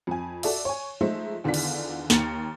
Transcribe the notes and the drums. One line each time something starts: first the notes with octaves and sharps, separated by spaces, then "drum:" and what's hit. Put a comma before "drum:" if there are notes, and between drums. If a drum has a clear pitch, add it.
F2 G#5
F#4 A4 D5 E5, drum: cymbal
C#5 G#5
F3 G#3 A3 D#4 C5 E5
E2 D3 D#3 F4 D5 B6
drum: cymbal
D#2 A#3 A#5 A6 C#7, drum: snare